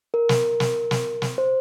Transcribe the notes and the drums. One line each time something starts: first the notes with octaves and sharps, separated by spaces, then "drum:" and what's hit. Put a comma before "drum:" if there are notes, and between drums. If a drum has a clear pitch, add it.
A#4
drum: snare
drum: snare
drum: snare
drum: snare
C5